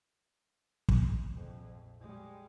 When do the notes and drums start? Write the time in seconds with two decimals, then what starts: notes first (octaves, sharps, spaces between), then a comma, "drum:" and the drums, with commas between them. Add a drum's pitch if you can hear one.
0.88 drum: kick
1.31 A#1 F2
2.00 G3 G#3